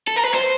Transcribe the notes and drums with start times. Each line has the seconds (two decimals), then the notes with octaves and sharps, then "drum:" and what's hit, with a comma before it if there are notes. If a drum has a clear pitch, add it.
0.08 A4
0.16 A#4
0.24 B4
0.33 C5, drum: hi-hat